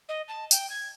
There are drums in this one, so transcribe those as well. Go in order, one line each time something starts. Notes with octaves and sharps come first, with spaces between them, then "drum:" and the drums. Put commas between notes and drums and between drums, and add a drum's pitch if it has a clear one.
D#5
A5
G5, drum: tambourine
G#6